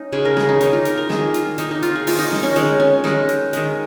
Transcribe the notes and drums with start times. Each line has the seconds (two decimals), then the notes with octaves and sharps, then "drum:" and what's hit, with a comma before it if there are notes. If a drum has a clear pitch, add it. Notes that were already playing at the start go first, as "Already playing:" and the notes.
Already playing: C#4 D#4
0.12 C#3 G#3 G#4
0.25 A#4
0.37 G#4, drum: snare
0.49 D#4
0.61 D#3 A#3 D#4, drum: hi-hat
0.73 F4
0.85 A#4, drum: hi-hat
0.97 A#4
1.09 D#3 A#3 G#4, drum: snare
1.34 F4, drum: hi-hat
1.58 D#3 A#3 D#4, drum: hi-hat
1.71 D#4
1.83 F4, drum: hi-hat
1.95 G#4
2.07 D#3 A#3 F4, drum: open hi-hat
2.19 D#4
2.32 D#4, drum: snare
2.43 C#4
2.56 D#3 G#3 D#4, drum: hi-hat
2.80 C#4
3.04 D#3 G#3 D#4, drum: snare
3.29 drum: hi-hat
3.53 D#3 G#3, drum: hi-hat